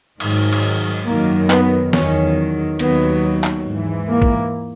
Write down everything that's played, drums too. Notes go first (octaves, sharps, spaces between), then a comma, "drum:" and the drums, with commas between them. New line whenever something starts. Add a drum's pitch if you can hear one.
G#2 D#3 F#3, drum: cymbal
drum: cymbal
F#2 D#3 F#3 A#3
B3, drum: clap
E2 D#3 F#3 C#4, drum: snare
D#2 D#3 F#3 B3, drum: cymbal
drum: clap
G#2 E3
A#3
drum: kick